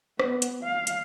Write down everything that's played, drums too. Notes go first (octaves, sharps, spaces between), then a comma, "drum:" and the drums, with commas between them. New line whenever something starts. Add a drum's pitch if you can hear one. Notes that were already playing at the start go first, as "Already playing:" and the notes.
B3, drum: rim click
drum: hi-hat
F5
drum: hi-hat